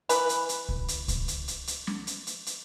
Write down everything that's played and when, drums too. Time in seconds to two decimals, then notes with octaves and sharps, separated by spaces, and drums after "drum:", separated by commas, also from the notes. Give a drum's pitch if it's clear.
0.09 E3 B4, drum: hi-hat
0.29 drum: hi-hat
0.49 drum: hi-hat
0.69 drum: kick C#2
0.88 drum: hi-hat
1.08 drum: kick C#2, hi-hat
1.28 drum: hi-hat
1.48 drum: hi-hat
1.67 drum: hi-hat
1.87 drum: snare
2.07 drum: hi-hat
2.27 drum: hi-hat
2.46 drum: hi-hat